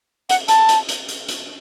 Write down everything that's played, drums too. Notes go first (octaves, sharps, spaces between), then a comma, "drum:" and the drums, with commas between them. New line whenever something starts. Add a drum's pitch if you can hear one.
F#5, drum: hi-hat
A5, drum: hi-hat
drum: hi-hat
drum: hi-hat
drum: hi-hat
drum: hi-hat